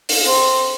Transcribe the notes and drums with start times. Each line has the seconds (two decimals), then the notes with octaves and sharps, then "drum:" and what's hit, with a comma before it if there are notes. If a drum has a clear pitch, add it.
0.09 drum: open hi-hat
0.25 C4